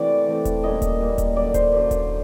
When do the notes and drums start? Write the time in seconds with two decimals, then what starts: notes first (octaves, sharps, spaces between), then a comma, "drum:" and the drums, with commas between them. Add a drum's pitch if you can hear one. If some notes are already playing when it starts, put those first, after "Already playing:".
Already playing: C3 E3 A3 C4 F#4 D5
0.27 E3 A3 C4
0.45 drum: kick D#1, hi-hat
0.64 A#2 G3 A#3 C#4 D#5
0.82 drum: kick D#1, hi-hat
1.00 A#2 G3 A#3 C#4
1.18 drum: kick D#1, hi-hat
1.36 F#2 D3 F#3 D5
1.54 C5, drum: kick D#1, hi-hat
1.72 F#2 D3 F#3
1.91 drum: kick D#1, hi-hat